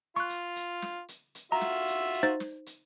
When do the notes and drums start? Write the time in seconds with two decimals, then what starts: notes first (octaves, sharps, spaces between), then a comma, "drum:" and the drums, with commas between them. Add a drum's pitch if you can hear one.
0.16 F4 C#6 F#6
0.30 drum: hi-hat
0.56 drum: hi-hat
0.82 drum: snare
1.09 drum: hi-hat
1.35 drum: hi-hat
1.52 F4 F#4 E5 A#5
1.61 drum: snare
1.87 drum: hi-hat
2.14 drum: hi-hat
2.23 D#4 C5 A6
2.40 drum: snare
2.66 drum: hi-hat